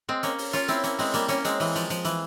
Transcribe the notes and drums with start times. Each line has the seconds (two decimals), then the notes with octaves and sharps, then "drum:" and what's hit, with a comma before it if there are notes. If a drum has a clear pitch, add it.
0.09 G#3 C4
0.23 A#3 C#4, drum: hi-hat
0.38 drum: open hi-hat
0.53 C#4 F4, drum: hi-hat
0.68 C4 E4, drum: hi-hat
0.84 A#3 C#4, drum: hi-hat
0.99 G#3 C4, drum: open hi-hat
1.14 G3 A#3, drum: hi-hat
1.28 A#3 C#4, drum: hi-hat
1.45 G#3 C4, drum: hi-hat
1.60 E3, drum: open hi-hat
1.75 F3, drum: hi-hat
1.90 F3, drum: hi-hat
2.05 E3, drum: hi-hat